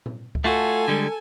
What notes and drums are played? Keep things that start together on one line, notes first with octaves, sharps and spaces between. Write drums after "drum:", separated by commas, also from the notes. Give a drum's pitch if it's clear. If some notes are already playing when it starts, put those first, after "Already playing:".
drum: tom A#2
drum: kick C#2
A3 F4 F#4 A4 G#5
D3 G3 G#3